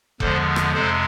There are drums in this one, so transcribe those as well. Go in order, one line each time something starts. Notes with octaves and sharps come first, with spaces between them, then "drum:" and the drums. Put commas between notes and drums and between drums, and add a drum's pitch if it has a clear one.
E2 D3 F3 G#3 A4 C5, drum: kick F1
drum: rim click
F2 C3 G#3 A4 C5